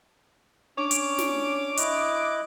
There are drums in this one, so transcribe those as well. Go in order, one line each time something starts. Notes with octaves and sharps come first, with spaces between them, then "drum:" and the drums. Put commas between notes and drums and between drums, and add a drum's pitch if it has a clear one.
C#4 D4 C#5 D6
drum: hi-hat
drum: snare
E4 D#5 F#6, drum: hi-hat